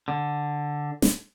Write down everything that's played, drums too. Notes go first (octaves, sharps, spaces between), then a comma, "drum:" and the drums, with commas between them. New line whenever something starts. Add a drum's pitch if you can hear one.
D3
drum: snare